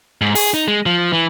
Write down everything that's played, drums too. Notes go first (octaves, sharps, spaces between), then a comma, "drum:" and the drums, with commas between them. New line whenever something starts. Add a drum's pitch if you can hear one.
G#2
G#4, drum: open hi-hat
D#4
G#3
F3
E3